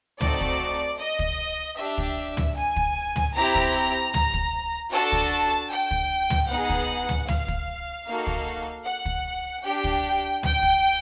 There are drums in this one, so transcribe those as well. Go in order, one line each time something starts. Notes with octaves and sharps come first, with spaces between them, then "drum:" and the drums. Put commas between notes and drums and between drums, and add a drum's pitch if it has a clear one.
A3 C4 D#4 F#4 A4 D5, drum: tom
drum: kick
D#5
drum: kick
D4 G4 E5
drum: kick
drum: tom
G#5
drum: kick
drum: tom
C4 E4 G4 A#5
drum: kick
drum: tom
drum: kick
D4 F#4 A4 A5
drum: kick
G5
drum: kick
drum: tom
B3 D#4 G#4 F#5
drum: kick
drum: tom
F5, drum: tom
drum: kick
A#3 D#4 F#4 A4
drum: kick
F#5
drum: kick
D4 G4 G5
drum: kick
G5, drum: tom
drum: kick